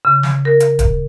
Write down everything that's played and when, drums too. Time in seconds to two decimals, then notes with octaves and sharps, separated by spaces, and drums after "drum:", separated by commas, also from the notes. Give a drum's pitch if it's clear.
0.05 C#3
0.23 drum: snare
0.45 A#4
0.60 drum: hi-hat
0.79 drum: kick, hi-hat